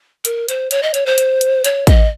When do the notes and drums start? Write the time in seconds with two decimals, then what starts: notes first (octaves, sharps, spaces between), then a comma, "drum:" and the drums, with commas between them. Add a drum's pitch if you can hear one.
0.25 A#4, drum: hi-hat
0.48 C5, drum: hi-hat
0.71 C#5, drum: hi-hat
0.83 D#5
0.94 C#5, drum: hi-hat
1.06 C5
1.18 drum: hi-hat
1.41 drum: hi-hat
1.64 C#5, drum: hi-hat
1.87 D#5, drum: kick, hi-hat